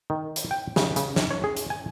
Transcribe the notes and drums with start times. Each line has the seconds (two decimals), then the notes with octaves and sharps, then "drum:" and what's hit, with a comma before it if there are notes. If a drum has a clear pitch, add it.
0.10 D#3
0.36 drum: hi-hat
0.51 G5
0.76 C#3, drum: snare
0.96 C#3, drum: hi-hat
1.16 drum: snare
1.31 C#5
1.44 G#4
1.57 drum: hi-hat
1.70 G#5